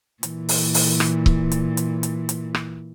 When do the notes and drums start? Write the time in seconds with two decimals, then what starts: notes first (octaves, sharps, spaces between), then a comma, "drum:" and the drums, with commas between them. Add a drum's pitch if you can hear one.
0.23 A#2 E3, drum: hi-hat
0.49 drum: open hi-hat
0.74 drum: open hi-hat
1.00 drum: rim click
1.26 drum: kick C#1
1.52 drum: hi-hat
1.77 drum: hi-hat
2.03 drum: hi-hat
2.29 drum: hi-hat
2.54 drum: rim click